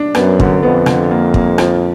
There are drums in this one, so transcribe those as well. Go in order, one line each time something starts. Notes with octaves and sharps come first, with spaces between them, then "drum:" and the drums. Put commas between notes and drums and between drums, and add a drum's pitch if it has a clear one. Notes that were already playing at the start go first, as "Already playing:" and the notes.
Already playing: D4
F#2 B3, drum: rim click
D3, drum: kick
F2 B3
D3, drum: rim click
A#3
A#3, drum: kick
F3, drum: rim click